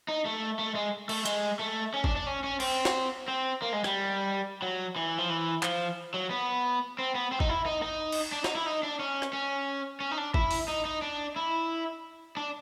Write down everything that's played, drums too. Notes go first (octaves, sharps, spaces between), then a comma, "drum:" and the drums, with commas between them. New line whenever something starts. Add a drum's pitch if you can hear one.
D#4
A3
A3
G#3
A3, drum: cymbal
G#3, drum: hi-hat
A3
C#4
D4, drum: kick
D4
C#4
C#4
C4, drum: cymbal
drum: snare
C4
A#3
G#3
G3, drum: rim click
F#3
E3
F3
E3
F3, drum: clap
F#3
B3
C4
B3
C4
D#4, drum: kick
E4
D#4
D#4
drum: cymbal
D4
D#4, drum: snare
E4
D#4
D4
C#4
drum: rim click
C#4
C#4
D#4
D4
E4, drum: kick
drum: open hi-hat
D#4
D#4
D4
E4
D4